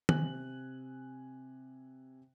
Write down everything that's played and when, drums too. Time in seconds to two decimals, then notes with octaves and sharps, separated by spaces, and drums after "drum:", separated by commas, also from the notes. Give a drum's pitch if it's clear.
0.09 C3 G#5 F#6 F#7, drum: tom D#3